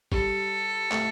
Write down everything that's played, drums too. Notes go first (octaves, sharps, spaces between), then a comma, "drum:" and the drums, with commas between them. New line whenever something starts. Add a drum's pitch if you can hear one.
G3 A4, drum: kick
A3, drum: clap